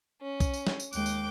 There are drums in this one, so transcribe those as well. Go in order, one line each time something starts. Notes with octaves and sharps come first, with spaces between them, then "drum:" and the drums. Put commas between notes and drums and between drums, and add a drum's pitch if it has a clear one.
C#4
drum: kick B1, tambourine
drum: tambourine
drum: snare
drum: tambourine
D#2 G#3 G5 D6 F#6, drum: tambourine
drum: tambourine